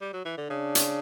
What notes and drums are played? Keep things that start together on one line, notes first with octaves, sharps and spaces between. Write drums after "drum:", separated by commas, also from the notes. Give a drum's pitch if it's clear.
G3
F#3
E3
D3
C#3 D4
drum: hi-hat